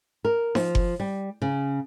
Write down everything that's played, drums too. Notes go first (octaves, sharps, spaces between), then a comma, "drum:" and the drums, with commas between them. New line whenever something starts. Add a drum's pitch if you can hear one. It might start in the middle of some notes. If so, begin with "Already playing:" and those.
A#4
F3, drum: snare D#4
drum: kick F#1
G3
C#3